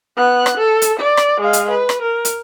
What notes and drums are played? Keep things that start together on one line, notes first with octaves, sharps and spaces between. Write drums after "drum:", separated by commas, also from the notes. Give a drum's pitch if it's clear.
B3 F#6
drum: rim click
A4
drum: hi-hat
D5
drum: rim click
G#3 F5
drum: hi-hat
B4
drum: rim click
A#4
drum: hi-hat